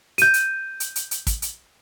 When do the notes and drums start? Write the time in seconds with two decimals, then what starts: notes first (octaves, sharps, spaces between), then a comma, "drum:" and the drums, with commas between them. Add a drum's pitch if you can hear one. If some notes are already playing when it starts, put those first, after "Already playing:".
0.18 G6 D#7, drum: hi-hat
0.34 drum: hi-hat
0.80 drum: hi-hat
0.96 drum: hi-hat
1.11 drum: hi-hat
1.27 drum: kick, hi-hat
1.42 drum: hi-hat